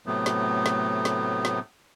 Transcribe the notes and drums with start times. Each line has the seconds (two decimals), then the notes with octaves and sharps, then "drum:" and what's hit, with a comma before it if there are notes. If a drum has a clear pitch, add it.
0.06 A2 C3 F#3 A3 B3
0.26 drum: snare
0.66 drum: snare
1.05 drum: snare
1.45 drum: snare